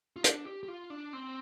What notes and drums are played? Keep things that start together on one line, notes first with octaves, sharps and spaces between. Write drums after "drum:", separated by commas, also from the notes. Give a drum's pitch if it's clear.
F4
D4, drum: hi-hat
G4
G4
F4
D4
C4